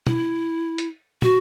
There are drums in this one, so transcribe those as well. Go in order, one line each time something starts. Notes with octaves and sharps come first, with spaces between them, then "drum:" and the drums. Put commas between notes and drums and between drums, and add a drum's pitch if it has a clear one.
E4, drum: tom
drum: hi-hat
F#4, drum: tom